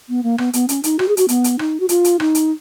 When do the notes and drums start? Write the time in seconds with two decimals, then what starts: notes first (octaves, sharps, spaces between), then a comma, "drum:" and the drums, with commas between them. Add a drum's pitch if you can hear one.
0.09 B3
0.23 A#3
0.38 B3, drum: rim click
0.53 B3, drum: hi-hat
0.69 C#4, drum: hi-hat
0.84 D#4, drum: hi-hat
0.99 F#4, drum: rim click
1.08 G#4
1.17 F#4, drum: hi-hat
1.28 B3, drum: hi-hat
1.44 drum: hi-hat
1.59 D#4, drum: rim click
1.80 F#4
1.89 F4, drum: hi-hat
2.04 drum: hi-hat
2.20 D#4, drum: rim click
2.35 drum: hi-hat